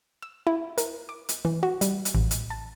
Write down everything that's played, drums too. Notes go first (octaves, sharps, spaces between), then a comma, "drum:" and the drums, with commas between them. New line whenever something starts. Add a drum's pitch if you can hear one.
E6
E4
A#4, drum: hi-hat
D6
drum: hi-hat
E3
F#4
G3, drum: hi-hat
drum: hi-hat
A1
drum: hi-hat
A5